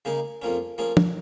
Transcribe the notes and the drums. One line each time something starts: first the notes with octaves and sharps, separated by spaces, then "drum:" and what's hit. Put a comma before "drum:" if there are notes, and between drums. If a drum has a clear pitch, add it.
C#3 A#3 D#4 G#4
F2 F3 A#3 C#4
F3 A#3 C#4 G#4
drum: tom